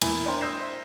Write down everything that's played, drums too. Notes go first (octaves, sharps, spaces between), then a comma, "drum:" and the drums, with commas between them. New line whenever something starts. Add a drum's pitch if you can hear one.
E2 A#3 E4 G#5 B5, drum: cymbal
D4 A#4 C5 G5 C6
D#6 E6 G6 A#6 C7 E7
C5 E5